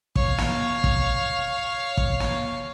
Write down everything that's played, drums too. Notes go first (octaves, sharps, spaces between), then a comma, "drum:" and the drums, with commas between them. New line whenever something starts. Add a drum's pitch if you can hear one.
C#5 F5, drum: kick
drum: snare
drum: kick
drum: kick
drum: snare